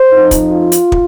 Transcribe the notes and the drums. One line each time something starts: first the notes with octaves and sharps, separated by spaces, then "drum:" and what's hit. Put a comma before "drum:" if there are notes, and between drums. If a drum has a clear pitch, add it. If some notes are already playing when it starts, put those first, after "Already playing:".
Already playing: C5
F2 F3 D#4
drum: kick, hi-hat
F4
drum: hi-hat
drum: kick